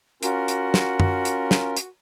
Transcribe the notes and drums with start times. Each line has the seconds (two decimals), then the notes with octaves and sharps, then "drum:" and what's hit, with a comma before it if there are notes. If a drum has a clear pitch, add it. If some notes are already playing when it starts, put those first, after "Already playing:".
0.23 C#4 F4 F#4 A#4, drum: hi-hat
0.48 drum: hi-hat
0.74 drum: snare
1.00 drum: tom F#2
1.25 drum: hi-hat
1.51 drum: snare
1.77 drum: hi-hat